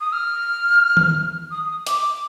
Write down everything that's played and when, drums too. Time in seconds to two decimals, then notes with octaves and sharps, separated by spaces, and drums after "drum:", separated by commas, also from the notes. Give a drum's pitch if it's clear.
0.01 D#6
0.13 F6
0.97 drum: tom D#3
1.51 D#6
1.87 D6, drum: hi-hat